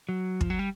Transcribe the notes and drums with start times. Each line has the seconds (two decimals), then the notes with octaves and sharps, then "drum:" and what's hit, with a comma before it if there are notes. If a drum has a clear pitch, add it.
0.09 F#3
0.41 F3, drum: kick
0.50 F#3
0.59 G3